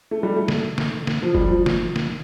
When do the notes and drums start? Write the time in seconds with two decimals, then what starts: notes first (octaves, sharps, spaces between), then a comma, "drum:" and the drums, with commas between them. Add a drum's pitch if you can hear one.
0.11 A3
0.23 G3
0.36 A3
0.48 drum: snare
0.78 drum: snare
1.07 drum: snare
1.22 F3
1.35 G3, drum: kick F#1
1.48 F3
1.66 drum: snare
1.96 drum: snare